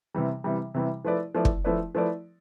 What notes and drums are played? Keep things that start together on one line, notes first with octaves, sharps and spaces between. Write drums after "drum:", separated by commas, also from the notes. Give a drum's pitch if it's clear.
C3 E3 G3
C3 E3 G3
C3 E3 G3
F3 A3 E4 B4 D5
F3 A3 E4 B4 D5
drum: kick
F3 A3 E4 B4 D5
F3 A3 E4 B4 D5